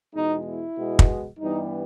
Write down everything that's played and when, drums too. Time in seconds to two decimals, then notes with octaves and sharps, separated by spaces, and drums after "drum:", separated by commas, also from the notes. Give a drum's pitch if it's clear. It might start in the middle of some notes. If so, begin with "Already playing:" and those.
0.14 E2 B2 G#3 D#4
0.46 E4
0.77 B2 G#3 B3
0.99 drum: kick
1.39 G2 E3 G3 B3 D#4